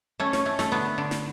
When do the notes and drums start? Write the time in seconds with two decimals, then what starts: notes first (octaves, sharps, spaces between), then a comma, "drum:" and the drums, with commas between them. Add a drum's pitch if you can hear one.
0.20 A3 C#4
0.33 C#4, drum: snare
0.46 A3
0.59 A3, drum: snare
0.72 D3 B3
0.98 D3
1.11 drum: snare